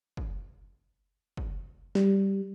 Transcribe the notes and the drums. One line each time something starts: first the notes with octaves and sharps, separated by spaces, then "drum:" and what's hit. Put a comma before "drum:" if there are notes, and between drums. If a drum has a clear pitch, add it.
drum: kick
drum: kick
G3, drum: snare